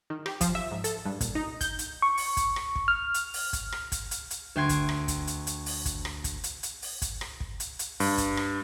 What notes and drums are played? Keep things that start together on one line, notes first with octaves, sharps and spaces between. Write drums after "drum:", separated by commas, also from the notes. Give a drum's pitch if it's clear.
D#3
G4, drum: rim click
F3, drum: kick, hi-hat
E5
G#2
A4, drum: hi-hat
G2
A#2, drum: kick, hi-hat
D#4
G6, drum: kick, hi-hat
drum: hi-hat
C#6
drum: open hi-hat
drum: kick, hi-hat
drum: rim click
drum: kick
F6
drum: hi-hat
drum: open hi-hat
drum: kick, hi-hat
drum: rim click
drum: kick, hi-hat
drum: hi-hat
drum: hi-hat
D2 G5 C6 G#6 D7
drum: kick, hi-hat
drum: rim click
drum: kick, hi-hat
drum: hi-hat
drum: hi-hat
drum: open hi-hat
drum: kick, hi-hat
drum: rim click
drum: kick, hi-hat
drum: hi-hat
drum: hi-hat
drum: open hi-hat
drum: kick, hi-hat
drum: rim click
drum: kick
drum: hi-hat
drum: hi-hat
G2, drum: open hi-hat
drum: kick, hi-hat
drum: rim click